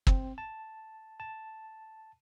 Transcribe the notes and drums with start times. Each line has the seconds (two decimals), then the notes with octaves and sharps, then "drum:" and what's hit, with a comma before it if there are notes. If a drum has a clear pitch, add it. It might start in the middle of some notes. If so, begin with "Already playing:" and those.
0.07 C4, drum: kick
0.38 A5
1.20 A5